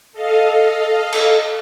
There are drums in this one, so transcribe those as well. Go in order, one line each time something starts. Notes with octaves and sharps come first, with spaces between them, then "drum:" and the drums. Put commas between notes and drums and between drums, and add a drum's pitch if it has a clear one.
A4 D#5 F5
drum: cymbal